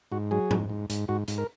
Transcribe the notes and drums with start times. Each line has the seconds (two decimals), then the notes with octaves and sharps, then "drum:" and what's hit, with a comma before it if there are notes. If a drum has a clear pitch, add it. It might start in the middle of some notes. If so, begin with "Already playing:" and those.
0.12 G#2 F#4
0.31 F#3 G#4
0.51 G#2, drum: tom G#2
0.70 G#2
0.90 G#2, drum: hi-hat
1.08 G#2 F#4
1.28 G#2, drum: hi-hat
1.38 A#4